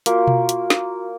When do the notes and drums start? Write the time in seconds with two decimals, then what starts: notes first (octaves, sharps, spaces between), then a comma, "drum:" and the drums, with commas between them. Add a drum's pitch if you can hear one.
0.06 A#3 F4 F#4, drum: hi-hat
0.27 drum: tom B2
0.49 drum: hi-hat
0.70 drum: snare